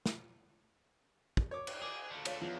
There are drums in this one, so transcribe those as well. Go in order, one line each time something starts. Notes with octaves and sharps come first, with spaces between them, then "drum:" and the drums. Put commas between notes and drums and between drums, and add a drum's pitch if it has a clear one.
drum: snare
drum: kick
C#5 D6
drum: cymbal
G#4 D6
D3 A3
F4 C#5 F5, drum: cymbal
E2 F3